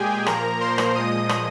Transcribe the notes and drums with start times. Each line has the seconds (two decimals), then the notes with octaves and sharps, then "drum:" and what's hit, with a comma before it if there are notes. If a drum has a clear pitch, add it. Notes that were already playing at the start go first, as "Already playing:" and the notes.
Already playing: A#2 G#3 G4 G#4 G5 G#5
0.26 A#2 F3 A#3 A#4 A#5, drum: rim click
0.61 C5 C6
0.78 drum: rim click
0.95 A#2 F3 G#3 D#5 D#6
1.29 drum: rim click